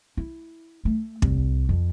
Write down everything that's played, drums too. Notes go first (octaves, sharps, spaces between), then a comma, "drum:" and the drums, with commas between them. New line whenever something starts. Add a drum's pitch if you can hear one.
E4
A3
C2, drum: kick
F2